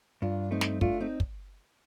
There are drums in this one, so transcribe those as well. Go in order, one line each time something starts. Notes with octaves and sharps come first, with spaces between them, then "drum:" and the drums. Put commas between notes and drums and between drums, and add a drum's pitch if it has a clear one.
G2 D4 F4
A3 C4 D#4
drum: snare
A3 D4 F4, drum: kick
C4 D#4
drum: kick